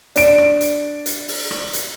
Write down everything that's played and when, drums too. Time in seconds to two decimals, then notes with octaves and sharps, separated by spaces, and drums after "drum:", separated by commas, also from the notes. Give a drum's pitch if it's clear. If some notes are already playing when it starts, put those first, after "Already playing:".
0.16 D4 D7, drum: hi-hat
0.38 drum: rim click
0.61 drum: hi-hat
1.06 drum: hi-hat
1.28 drum: open hi-hat
1.51 drum: rim click
1.73 drum: hi-hat